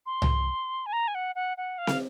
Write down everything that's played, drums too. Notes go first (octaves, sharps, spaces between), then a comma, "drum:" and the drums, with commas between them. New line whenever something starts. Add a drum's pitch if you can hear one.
C6
drum: tom C2
G#5
A#5
G#5
F#5
F#5
F#5
F5
drum: snare